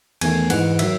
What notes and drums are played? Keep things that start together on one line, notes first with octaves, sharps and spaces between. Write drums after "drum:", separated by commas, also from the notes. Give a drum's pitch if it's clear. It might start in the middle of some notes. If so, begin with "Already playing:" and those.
E2 D#3 A3 G#5, drum: cymbal
G#2 E3 G#3 F#5, drum: cymbal
D#3 F#3 E5, drum: cymbal